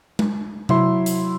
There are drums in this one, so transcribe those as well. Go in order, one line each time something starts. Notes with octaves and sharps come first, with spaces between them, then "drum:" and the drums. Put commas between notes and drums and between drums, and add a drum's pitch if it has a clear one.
drum: tom G#3
F#3 E4 E5 C6, drum: tom C3
drum: hi-hat